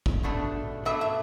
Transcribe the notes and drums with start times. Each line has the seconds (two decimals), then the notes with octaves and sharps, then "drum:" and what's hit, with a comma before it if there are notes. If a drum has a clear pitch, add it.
0.06 drum: kick
0.23 B2 A3 D4
0.85 B2 A3 D4 E5
1.01 E5